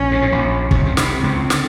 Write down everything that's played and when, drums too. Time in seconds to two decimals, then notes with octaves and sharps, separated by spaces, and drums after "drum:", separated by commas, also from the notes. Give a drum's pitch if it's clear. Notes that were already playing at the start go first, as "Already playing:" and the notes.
Already playing: A#1 C#4
0.11 G#2
0.22 A2
0.32 A#1 A#2
0.71 C2 C3 C4, drum: kick
0.86 C#3
0.97 C2 C3, drum: snare
1.23 C#2 C#3
1.50 D3, drum: snare